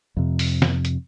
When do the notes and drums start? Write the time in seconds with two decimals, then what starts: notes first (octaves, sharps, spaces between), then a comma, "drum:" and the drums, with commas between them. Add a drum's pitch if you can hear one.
0.17 F2 C3
0.39 drum: open hi-hat
0.62 drum: snare
0.85 drum: hi-hat